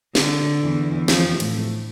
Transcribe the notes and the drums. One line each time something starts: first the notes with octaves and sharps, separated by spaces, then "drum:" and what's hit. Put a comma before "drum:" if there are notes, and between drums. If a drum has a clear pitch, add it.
D3, drum: snare
E2 E3
F2 F3, drum: snare
A2 A3, drum: cymbal